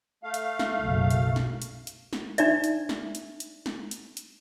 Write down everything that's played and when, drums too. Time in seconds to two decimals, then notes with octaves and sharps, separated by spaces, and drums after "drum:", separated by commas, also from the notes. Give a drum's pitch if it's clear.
0.23 A3 F5
0.34 drum: hi-hat
0.59 drum: snare
0.80 F#1 B1
1.11 drum: hi-hat
1.36 drum: snare
1.62 drum: hi-hat
1.87 drum: hi-hat
2.13 drum: snare
2.38 D4 D#4 D5 E5, drum: hi-hat
2.64 drum: hi-hat
2.89 drum: snare
3.15 drum: hi-hat
3.40 drum: hi-hat
3.66 drum: snare
3.91 drum: hi-hat
4.17 drum: hi-hat